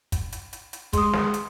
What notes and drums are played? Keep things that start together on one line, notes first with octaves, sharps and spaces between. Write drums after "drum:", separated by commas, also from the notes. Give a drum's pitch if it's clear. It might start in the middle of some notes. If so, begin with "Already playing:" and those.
drum: kick, hi-hat
drum: hi-hat
drum: hi-hat
drum: hi-hat
G#3 C6 D#6, drum: kick, hi-hat
drum: snare
drum: hi-hat